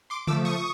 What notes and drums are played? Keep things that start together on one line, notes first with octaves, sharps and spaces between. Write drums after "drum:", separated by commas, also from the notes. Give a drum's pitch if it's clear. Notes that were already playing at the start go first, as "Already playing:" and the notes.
C6 D6
F3 A3 D6 E6, drum: tom C#3
C#6 D#6